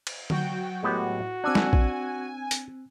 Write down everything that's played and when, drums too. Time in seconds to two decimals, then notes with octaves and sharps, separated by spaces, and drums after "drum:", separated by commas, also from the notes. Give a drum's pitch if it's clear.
0.07 drum: cymbal
0.30 F#3 F#4 G5, drum: tom D3
0.83 A2 G#3 B3 F#4 G4
1.44 C4 D4 G#5 E6 F#6
1.55 drum: snare
1.73 drum: kick A#1
2.51 drum: hi-hat